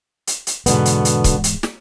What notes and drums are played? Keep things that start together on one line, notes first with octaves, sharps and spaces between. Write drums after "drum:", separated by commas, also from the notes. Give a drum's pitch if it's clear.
drum: hi-hat
drum: hi-hat
E2 G#2 B2 D3 B3, drum: hi-hat
drum: hi-hat
drum: hi-hat
drum: kick, hi-hat
drum: hi-hat
drum: snare